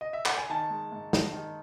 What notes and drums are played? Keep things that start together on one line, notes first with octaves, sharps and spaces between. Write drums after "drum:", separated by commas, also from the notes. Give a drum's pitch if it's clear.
D#5
E5
F#5, drum: clap
G#5
D#3 A5
G#3
G#2
G#2, drum: snare
D#3